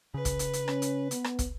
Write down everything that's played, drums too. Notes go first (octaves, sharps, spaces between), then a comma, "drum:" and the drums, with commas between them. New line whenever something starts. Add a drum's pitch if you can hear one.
C#3 B4
drum: kick, hi-hat
drum: hi-hat
drum: hi-hat
C#4, drum: rim click
drum: hi-hat
B3, drum: hi-hat
drum: rim click
drum: kick, hi-hat